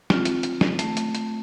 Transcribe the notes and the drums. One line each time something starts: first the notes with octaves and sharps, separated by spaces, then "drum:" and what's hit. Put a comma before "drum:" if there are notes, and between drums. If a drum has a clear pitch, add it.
C4 F4, drum: snare
drum: hi-hat
drum: hi-hat
drum: snare
A3, drum: hi-hat
drum: hi-hat
drum: hi-hat